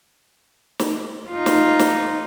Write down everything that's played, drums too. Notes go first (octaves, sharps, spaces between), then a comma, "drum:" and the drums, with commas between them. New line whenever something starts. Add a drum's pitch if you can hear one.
drum: snare
D#4 F4
drum: snare
drum: snare